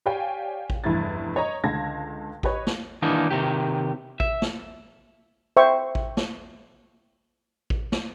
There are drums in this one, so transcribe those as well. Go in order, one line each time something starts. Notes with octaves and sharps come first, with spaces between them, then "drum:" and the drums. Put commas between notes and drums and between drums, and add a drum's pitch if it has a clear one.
G4 C#5 D5 F5 G5 G#5
drum: kick
F1 E2 G2 E4 G#6 A6
C#5 D#5 A#5
C#2 D3 F5 A5 G#6 A#6
G4 B4 C#5 D#5, drum: kick
drum: snare
D#3 E3 A#3 D4 D#4
C3 D#3 G4
E5, drum: kick
drum: snare
C5 E5 G5 C#6
drum: kick
drum: snare
drum: kick
drum: snare